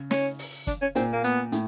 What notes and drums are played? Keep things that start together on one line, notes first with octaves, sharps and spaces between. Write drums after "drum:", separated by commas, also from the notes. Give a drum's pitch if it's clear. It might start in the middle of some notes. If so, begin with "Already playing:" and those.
Already playing: C#3
C#4, drum: snare
drum: open hi-hat
D4, drum: kick, hi-hat
C#4
A#2 C4, drum: hi-hat
A#3
B3, drum: hi-hat
A2, drum: hi-hat